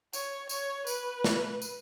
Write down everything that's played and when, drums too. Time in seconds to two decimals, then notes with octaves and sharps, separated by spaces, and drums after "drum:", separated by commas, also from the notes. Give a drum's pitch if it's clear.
0.13 C#5, drum: tambourine
0.49 C#5, drum: tambourine
0.87 B4, drum: tambourine
1.24 drum: snare
1.62 drum: tambourine